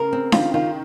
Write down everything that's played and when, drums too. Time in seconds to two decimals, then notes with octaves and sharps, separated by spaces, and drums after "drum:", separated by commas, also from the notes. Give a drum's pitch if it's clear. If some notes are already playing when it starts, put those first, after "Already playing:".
Already playing: C#3 A#4
0.13 C4
0.32 D#3 F4, drum: snare D4
0.54 D#3 F4